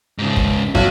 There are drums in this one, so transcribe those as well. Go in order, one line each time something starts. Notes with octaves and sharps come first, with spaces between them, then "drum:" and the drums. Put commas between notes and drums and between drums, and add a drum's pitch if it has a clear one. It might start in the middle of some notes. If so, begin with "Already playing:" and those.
G#2 C#3
drum: kick
B1 F#4, drum: kick